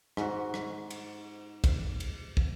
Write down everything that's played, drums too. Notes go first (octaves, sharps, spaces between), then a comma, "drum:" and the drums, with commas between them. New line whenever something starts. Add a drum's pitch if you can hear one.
G#2 F#4, drum: rim click
drum: rim click
drum: cymbal
drum: kick, cymbal
drum: cymbal
drum: kick